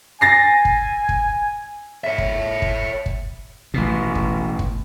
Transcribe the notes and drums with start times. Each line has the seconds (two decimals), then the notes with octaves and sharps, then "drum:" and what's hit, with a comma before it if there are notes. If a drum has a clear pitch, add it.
0.21 G#5 A6 A#6 C7
0.65 drum: kick
1.09 drum: kick
2.04 C#5 E5
2.18 drum: kick
2.62 drum: kick
3.06 drum: kick
3.74 A1 B2
4.15 drum: kick
4.59 drum: kick